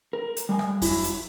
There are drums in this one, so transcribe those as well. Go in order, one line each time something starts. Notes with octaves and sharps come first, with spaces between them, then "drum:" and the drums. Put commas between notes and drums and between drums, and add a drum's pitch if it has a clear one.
A#4
drum: hi-hat
G3 G#5
drum: rim click
F#3 E4, drum: kick F2, open hi-hat
drum: hi-hat